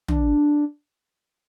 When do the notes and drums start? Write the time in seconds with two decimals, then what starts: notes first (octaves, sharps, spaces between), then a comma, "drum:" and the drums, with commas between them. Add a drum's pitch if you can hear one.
0.08 D4, drum: tom